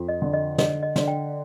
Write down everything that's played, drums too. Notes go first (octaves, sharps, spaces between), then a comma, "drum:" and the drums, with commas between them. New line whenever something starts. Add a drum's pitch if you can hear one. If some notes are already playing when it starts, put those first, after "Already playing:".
Already playing: F2
D#5
D3
D#5
D3 D#5, drum: snare
D#5
D3, drum: snare
G5